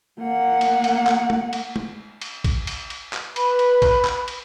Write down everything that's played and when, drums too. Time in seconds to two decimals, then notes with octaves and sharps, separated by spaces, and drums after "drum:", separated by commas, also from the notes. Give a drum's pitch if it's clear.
0.20 A#3 F#5
0.61 drum: cymbal
0.84 drum: cymbal
1.07 drum: clap
1.30 drum: tom
1.53 drum: cymbal
1.76 drum: tom
2.22 drum: cymbal
2.44 drum: kick A#1, cymbal
2.67 drum: cymbal
2.90 drum: cymbal
3.13 drum: clap
3.36 B4 B5, drum: cymbal
3.59 drum: cymbal
3.82 drum: kick A#1, cymbal
4.05 drum: clap
4.28 drum: cymbal